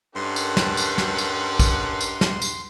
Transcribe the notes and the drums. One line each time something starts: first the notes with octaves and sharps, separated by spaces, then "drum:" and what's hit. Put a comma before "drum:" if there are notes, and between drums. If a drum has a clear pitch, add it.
G2 C#4 D#4 G4 A4 A#4 F#5 C6
drum: tambourine
drum: snare
drum: tambourine
drum: snare
drum: tambourine
drum: kick, tambourine
drum: tambourine
drum: snare
drum: tambourine